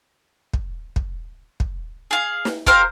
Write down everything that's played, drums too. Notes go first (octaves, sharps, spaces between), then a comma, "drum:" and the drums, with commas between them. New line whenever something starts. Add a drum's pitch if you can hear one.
drum: kick
drum: kick
drum: kick
G#4 F5
drum: snare
G4 A#4 C5 F5, drum: kick